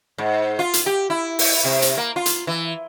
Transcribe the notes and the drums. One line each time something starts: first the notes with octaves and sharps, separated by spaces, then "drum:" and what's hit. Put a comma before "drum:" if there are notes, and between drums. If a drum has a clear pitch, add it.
G#2
F4
drum: hi-hat
G4
E4
drum: open hi-hat
C3
drum: hi-hat
A#3
F4
drum: hi-hat
E3